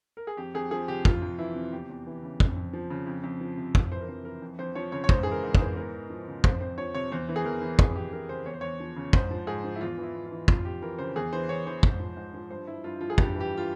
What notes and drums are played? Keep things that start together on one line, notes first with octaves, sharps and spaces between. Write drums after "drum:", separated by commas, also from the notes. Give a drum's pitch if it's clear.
A#4
G#4
F2 G4
F2 G#4
F3 G#4
C3 G4
F2 F4, drum: kick
F2
E3 E4
C3
E2 G4
E2
E3
C#3
F2, drum: kick
F2
F3
C#3
F2
F2
F3
C3
F2, drum: kick
E3 C5
A#4
F2 C5
E3 A#4
F2
F2 C5
F3 C#5
C#3 C#5
C#5
G#2 C5, drum: kick
E3 G#4
A#4
G#2
G#4, drum: kick
E3
E2 A#4
E2
F3
C#3
F2 C5, drum: kick
F2 C5
F3 C#5
C3 C#5
E2 C5
E3
G#4
E2 A#4
E3
F2 G#4, drum: kick
F2 G4
E3 A#4
C#3 C5
E2 C#5
C5
E2 C#5
F3
C#3
G#2 C5, drum: kick
F3
G#2 G#4
F3
E4
E2 F4
E3
E4
E2
F4
E3
F2 F4, drum: kick
F2 G4
E3 A#4
C#3 C5
E2 G#4
E3 C5
E2 C#5
E3 C5
G#2, drum: kick
F3
G#2
F3
G2 C5
F3 E4
G2 F4
F3 F4
G#4
G2 G4, drum: kick
E3
G4
F4